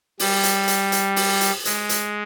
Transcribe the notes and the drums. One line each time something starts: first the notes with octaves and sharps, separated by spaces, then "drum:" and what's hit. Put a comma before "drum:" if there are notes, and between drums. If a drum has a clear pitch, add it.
G3, drum: open hi-hat
drum: hi-hat
drum: hi-hat
drum: hi-hat
drum: open hi-hat
drum: hi-hat
G#3, drum: hi-hat
drum: hi-hat